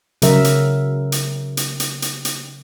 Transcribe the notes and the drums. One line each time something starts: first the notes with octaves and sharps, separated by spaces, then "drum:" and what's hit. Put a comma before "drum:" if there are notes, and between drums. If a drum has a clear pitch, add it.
C#3 F#3 A#4 E5, drum: hi-hat
drum: hi-hat
drum: hi-hat
drum: hi-hat
drum: hi-hat
drum: hi-hat
drum: hi-hat